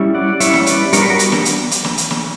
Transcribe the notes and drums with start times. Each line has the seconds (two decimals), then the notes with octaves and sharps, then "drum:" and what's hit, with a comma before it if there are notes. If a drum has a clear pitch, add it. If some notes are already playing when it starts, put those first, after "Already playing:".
Already playing: G3 C#4 E4
0.14 D5 F#5
0.40 G3 C#4 E4 C#5 E5, drum: hi-hat
0.54 drum: snare
0.66 B4 D5, drum: hi-hat
0.93 G3 B3 D4 A#4 C#5, drum: hi-hat
1.02 B4
1.10 F#4 A#4
1.19 drum: hi-hat
1.32 drum: snare
1.45 drum: hi-hat
1.71 drum: hi-hat
1.84 drum: snare
1.98 drum: hi-hat
2.11 drum: snare